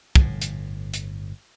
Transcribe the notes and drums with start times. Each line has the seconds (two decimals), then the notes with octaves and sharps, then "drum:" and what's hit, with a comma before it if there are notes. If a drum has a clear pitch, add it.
0.16 G1 A2, drum: kick
0.42 drum: hi-hat
0.94 drum: hi-hat